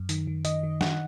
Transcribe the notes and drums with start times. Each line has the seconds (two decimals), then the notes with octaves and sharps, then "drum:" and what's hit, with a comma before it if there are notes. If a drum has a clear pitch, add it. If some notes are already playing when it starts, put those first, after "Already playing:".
Already playing: F#2
0.09 D#3, drum: hi-hat
0.27 D#3
0.45 D#3 D#5, drum: hi-hat
0.63 D#3
0.81 D#3 F#5, drum: snare